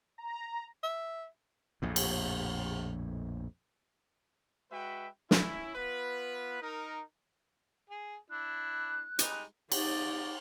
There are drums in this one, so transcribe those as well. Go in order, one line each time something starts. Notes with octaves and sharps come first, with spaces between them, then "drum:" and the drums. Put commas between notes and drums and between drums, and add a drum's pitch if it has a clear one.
A#5
E5
A#1 F2 A2
drum: cymbal
G#3 F#4 B4 E5 G5
C#4 E4, drum: snare
B3 F4 B4
D#4 A#4
G#4
D4 E4 F#6
G3 G#3 D#4, drum: hi-hat
D#4 D5, drum: cymbal